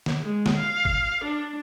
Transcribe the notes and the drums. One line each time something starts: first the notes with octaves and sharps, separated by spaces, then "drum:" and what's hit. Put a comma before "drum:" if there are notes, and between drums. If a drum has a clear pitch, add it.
drum: snare
G#3
drum: snare
F5
drum: kick G#1
D4